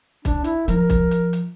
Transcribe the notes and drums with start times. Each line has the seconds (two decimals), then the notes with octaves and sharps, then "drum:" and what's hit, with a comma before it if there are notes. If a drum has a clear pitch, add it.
0.25 D4, drum: kick, hi-hat
0.44 E4, drum: hi-hat
0.68 F3 A#4, drum: hi-hat
0.90 drum: kick, hi-hat
1.11 drum: hi-hat
1.33 drum: hi-hat